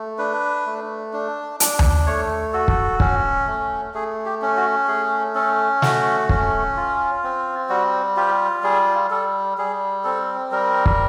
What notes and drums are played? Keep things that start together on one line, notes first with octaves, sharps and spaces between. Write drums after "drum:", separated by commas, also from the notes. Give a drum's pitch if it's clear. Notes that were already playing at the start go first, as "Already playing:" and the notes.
Already playing: A3
D4 B4
A3
D4
D4, drum: hi-hat
drum: tom D#2
A3 C#5
F#4 A4
drum: kick
C#4, drum: kick
A3
A3 G#4
G4
C#4
F#4
A3 G#4
C#4 A4
A3 F#4, drum: snare
C#4, drum: kick
F4
C4
G3 F#4
F4 G4
G3 G#4
G3 A4
G3 G#4
C4 A4
G3 A#4
drum: kick